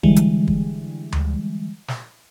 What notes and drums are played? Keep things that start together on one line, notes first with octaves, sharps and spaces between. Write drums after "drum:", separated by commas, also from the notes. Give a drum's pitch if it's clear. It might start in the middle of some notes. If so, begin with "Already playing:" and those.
D3 E3 G3 G#3, drum: kick
drum: hi-hat
drum: kick
drum: tom D2
drum: snare